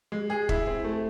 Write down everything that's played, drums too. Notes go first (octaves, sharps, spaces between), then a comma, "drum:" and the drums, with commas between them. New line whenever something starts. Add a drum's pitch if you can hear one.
G#3
G#4
E4, drum: kick
C4
A3